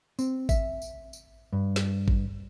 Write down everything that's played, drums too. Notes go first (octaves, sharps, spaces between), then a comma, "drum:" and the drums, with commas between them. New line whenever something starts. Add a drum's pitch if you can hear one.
C4, drum: tambourine
E5, drum: kick G#1, tambourine
drum: tambourine
drum: tambourine
G2
drum: snare
drum: kick G#1